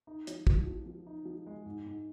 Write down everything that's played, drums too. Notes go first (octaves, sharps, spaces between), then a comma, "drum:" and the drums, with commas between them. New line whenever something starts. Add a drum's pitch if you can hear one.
D#4
F3, drum: hi-hat
F3, drum: kick
F3
F3
D#4
F3
G#3
G#2
G#2